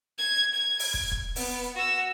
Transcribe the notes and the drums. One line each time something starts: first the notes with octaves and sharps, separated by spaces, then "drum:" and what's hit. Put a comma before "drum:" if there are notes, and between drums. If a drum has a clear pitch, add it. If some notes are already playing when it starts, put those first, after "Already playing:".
G#6
G#6
drum: open hi-hat
drum: kick
drum: kick
B3, drum: open hi-hat
F#4 E6